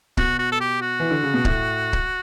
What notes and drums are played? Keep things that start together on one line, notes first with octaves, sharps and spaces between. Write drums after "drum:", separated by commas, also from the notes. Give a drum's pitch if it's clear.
B2 F#4, drum: kick C#1
F#4
A4
G4
F#4
E3
D3
C#3
B2
A2, drum: kick C#1
drum: kick C#1